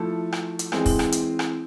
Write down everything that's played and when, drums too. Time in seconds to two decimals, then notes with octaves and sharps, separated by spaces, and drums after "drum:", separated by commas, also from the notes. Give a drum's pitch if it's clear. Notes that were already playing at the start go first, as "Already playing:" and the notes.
Already playing: F3 A3 E4 A4
0.32 drum: rim click
0.59 drum: hi-hat
0.72 E3 G#3 C4 E4 G#4, drum: rim click
0.86 drum: kick, open hi-hat
0.99 drum: rim click
1.12 drum: hi-hat
1.39 drum: rim click